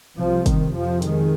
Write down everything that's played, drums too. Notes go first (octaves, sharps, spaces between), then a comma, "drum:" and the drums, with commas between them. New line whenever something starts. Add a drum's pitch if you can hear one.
C2 C3 F3
D#3, drum: kick, hi-hat
F2 C3 F3
D#3 G#3, drum: hi-hat